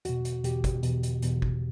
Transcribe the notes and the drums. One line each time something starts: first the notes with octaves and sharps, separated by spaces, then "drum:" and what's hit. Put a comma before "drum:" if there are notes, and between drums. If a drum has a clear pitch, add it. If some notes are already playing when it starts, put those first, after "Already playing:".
E2 B2 F#4, drum: hi-hat
drum: hi-hat
E2 B2 G4, drum: hi-hat
drum: kick, hi-hat
E2 B2, drum: hi-hat
drum: hi-hat
E2 B2, drum: hi-hat
drum: kick